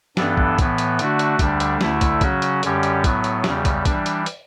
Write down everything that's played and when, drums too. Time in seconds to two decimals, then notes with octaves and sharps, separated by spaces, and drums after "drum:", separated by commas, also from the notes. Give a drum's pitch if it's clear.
0.17 G2 E3 B3 D4 A4, drum: snare
0.37 drum: kick
0.59 A2 E3 B3, drum: kick, hi-hat
0.78 drum: hi-hat
0.99 D3 A3 D4 F#4, drum: hi-hat
1.19 drum: hi-hat
1.39 D2 D3 G3 D4, drum: kick, hi-hat
1.60 drum: hi-hat
1.81 D2 D3 A3 E4, drum: snare
2.01 drum: kick, hi-hat
2.21 C#3 F#3 C#4 F#4, drum: kick, hi-hat
2.42 drum: hi-hat
2.63 F#2 D3 G3 C#4 G4, drum: hi-hat
2.83 drum: hi-hat
3.04 A2 F#3 B3, drum: kick, hi-hat
3.24 drum: hi-hat
3.44 E2 C#3 G3, drum: snare
3.65 drum: kick, hi-hat
3.85 E3 G3 D4, drum: kick, hi-hat
4.06 drum: hi-hat
4.26 drum: hi-hat